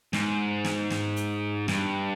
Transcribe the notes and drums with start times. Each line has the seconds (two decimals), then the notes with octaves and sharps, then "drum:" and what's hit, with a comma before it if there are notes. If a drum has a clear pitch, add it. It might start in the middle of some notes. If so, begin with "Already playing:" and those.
0.13 G#2, drum: snare
0.65 drum: snare
0.90 drum: snare
1.16 drum: hi-hat
1.68 G2, drum: snare